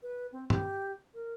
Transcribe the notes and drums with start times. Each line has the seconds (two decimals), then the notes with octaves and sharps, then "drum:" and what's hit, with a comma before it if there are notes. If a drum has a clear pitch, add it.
0.02 B4
0.32 C4
0.50 G4, drum: tom
1.14 A#4